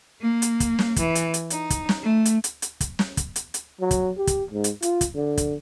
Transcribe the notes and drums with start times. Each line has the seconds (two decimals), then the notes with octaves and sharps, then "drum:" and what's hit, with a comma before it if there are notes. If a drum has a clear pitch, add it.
0.20 A#3
0.42 drum: hi-hat
0.60 drum: kick, hi-hat
0.79 drum: snare
0.96 E3, drum: kick, hi-hat
1.15 drum: hi-hat
1.34 drum: hi-hat
1.50 D#4, drum: hi-hat
1.70 drum: kick, hi-hat
1.89 drum: snare
2.01 A3
2.25 drum: hi-hat
2.44 drum: hi-hat
2.62 drum: hi-hat
2.81 drum: kick, hi-hat
2.99 drum: snare
3.17 drum: kick, hi-hat
3.36 drum: hi-hat
3.54 drum: hi-hat
3.80 F#3
3.91 drum: kick, hi-hat
4.18 G4
4.27 drum: kick, hi-hat
4.51 G#2
4.64 drum: hi-hat
4.82 F4, drum: hi-hat
5.01 drum: kick, hi-hat
5.15 D3
5.37 drum: kick, hi-hat